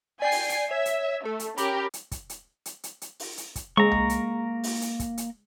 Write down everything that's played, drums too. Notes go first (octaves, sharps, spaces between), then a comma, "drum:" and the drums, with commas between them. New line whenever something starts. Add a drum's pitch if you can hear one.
D5 G5 G#5 C7
drum: open hi-hat
drum: hi-hat
C#5 E5
drum: hi-hat
A3 A4
drum: hi-hat
C#4 G4 A#4 B5, drum: hi-hat
drum: hi-hat
drum: kick, hi-hat
drum: hi-hat
drum: hi-hat
drum: hi-hat
drum: hi-hat
drum: open hi-hat
drum: hi-hat
drum: kick, hi-hat
G#3 A#3 A#5 C#6
drum: tom C2
drum: hi-hat
drum: open hi-hat
drum: hi-hat
drum: kick, hi-hat
drum: hi-hat